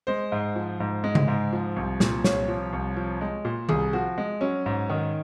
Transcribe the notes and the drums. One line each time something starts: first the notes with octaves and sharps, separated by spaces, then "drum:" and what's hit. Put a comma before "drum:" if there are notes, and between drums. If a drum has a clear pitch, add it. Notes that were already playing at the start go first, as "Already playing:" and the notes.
G#3 C5
G#2
F3
G#2
G#3
drum: tom C#3
G#2
F3
C2
A#2, drum: snare
C2 C#5, drum: snare
F3
C2
F3
G#3
A#2
C2 G#4, drum: tom D#3
F3 F#4
G#3
F#3 C#4
G#2
D#3